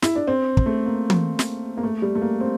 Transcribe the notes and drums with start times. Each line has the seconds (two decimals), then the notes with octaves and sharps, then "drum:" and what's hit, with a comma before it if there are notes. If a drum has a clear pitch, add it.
0.02 E4, drum: snare
0.16 D4
0.27 C4
0.57 drum: kick
0.66 A3
0.86 A#3
1.10 drum: tom
1.39 drum: snare
1.77 A#3
1.83 A3
2.02 G3
2.15 A3
2.22 A#3
2.40 C4